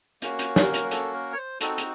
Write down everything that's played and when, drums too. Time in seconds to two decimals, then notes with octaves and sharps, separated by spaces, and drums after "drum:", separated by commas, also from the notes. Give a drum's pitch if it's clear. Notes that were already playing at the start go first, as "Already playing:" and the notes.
0.22 A#3 C#4 F#4, drum: hi-hat
0.39 drum: hi-hat
0.56 A#4, drum: snare G4
0.74 drum: hi-hat
0.91 A4, drum: hi-hat
1.14 A#4
1.33 C#5
1.38 C5
1.61 C4 D#4 F#4 A4, drum: hi-hat
1.78 drum: hi-hat